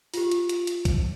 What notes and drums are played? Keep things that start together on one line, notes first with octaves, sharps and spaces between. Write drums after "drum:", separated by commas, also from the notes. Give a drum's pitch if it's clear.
F4 G4, drum: open hi-hat
drum: hi-hat
drum: hi-hat
drum: hi-hat
drum: kick B1, hi-hat